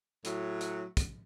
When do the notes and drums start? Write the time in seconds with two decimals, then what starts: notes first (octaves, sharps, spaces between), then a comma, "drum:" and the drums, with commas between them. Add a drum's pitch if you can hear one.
0.25 A2 F#3, drum: hi-hat
0.61 drum: hi-hat
0.97 drum: kick, hi-hat